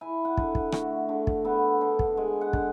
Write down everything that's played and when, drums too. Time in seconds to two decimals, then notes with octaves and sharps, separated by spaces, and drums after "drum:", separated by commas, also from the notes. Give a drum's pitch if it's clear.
0.01 E4 G#5
0.25 F#5
0.37 D3, drum: kick
0.55 drum: kick
0.72 A3 F#4, drum: rim click
1.09 D3
1.27 drum: kick
1.45 B3 A4
1.81 D3
1.99 drum: kick
2.17 G#3 G#5
2.41 F#5
2.53 D3, drum: kick